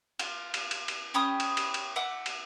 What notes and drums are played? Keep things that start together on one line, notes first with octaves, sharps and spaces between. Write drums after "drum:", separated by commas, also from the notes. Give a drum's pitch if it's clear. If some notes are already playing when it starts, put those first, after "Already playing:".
F4, drum: cymbal
drum: cymbal
drum: cymbal
drum: cymbal
C#4 G4 B5 D#6
drum: cymbal
drum: cymbal
drum: cymbal
E5 F#5 D6
drum: cymbal